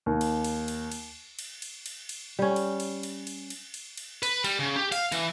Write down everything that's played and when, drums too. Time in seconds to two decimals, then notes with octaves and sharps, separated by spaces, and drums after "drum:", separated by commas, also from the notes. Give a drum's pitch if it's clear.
0.06 D#2
0.21 drum: cymbal
0.44 drum: cymbal
0.68 drum: cymbal
0.92 drum: cymbal
1.39 drum: cymbal
1.62 drum: cymbal
1.86 drum: cymbal
2.09 drum: cymbal
2.39 G3 C#4
2.56 drum: cymbal
2.80 drum: cymbal
3.03 drum: cymbal
3.27 drum: cymbal
3.50 drum: cymbal
3.74 drum: cymbal
3.97 drum: cymbal
4.23 B4, drum: cymbal
4.45 G3, drum: cymbal
4.59 C#3
4.76 G4
4.92 F5, drum: cymbal
5.12 E3, drum: cymbal